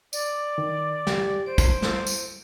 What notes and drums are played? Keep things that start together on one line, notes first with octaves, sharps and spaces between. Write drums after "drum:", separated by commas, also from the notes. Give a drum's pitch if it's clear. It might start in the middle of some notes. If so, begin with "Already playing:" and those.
D5, drum: tambourine
D#3
G4, drum: snare
C5 D7
drum: kick, tambourine
drum: snare
drum: tambourine